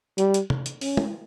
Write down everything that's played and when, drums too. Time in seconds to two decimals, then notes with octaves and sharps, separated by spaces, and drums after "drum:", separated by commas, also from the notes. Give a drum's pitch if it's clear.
0.18 G3, drum: hi-hat
0.34 drum: hi-hat
0.50 drum: tom
0.66 drum: hi-hat
0.81 C#4, drum: open hi-hat
0.97 drum: tom